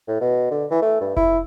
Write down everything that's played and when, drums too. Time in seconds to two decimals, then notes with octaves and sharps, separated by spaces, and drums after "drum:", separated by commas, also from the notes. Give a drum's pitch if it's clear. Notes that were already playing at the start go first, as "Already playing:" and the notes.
0.08 A2
0.21 B2
0.51 D3
0.71 E3
0.82 A3
1.01 G2
1.17 E4, drum: kick F1